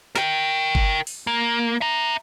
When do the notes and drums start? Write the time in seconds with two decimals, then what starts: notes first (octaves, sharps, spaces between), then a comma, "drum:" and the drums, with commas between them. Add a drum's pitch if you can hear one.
0.16 A#4 G5, drum: snare
0.75 drum: kick G1
1.07 drum: open hi-hat
1.27 A#3
1.81 E5 A#5